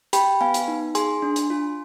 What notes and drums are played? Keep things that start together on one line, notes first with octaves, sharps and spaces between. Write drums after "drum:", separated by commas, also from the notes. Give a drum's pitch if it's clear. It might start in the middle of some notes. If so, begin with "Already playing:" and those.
G4 G5 B5, drum: hi-hat
B3 F5 G#5
drum: hi-hat
D#4
G#4 G#5 C6, drum: hi-hat
D4
drum: hi-hat
F4